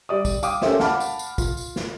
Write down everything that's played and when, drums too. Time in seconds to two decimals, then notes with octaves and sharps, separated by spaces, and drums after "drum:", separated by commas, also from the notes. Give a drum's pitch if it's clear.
0.09 G3 D5 D#6
0.25 drum: kick, tambourine
0.43 F5 G5 D6 D#6, drum: tambourine
0.62 C#4 G4 A4 A#4 C5 E5, drum: snare
0.80 F5 F#5 A5 B5 D6 F6, drum: snare
1.00 drum: tambourine
1.19 drum: tambourine
1.38 F4, drum: kick, tambourine
1.57 drum: tambourine
1.76 drum: snare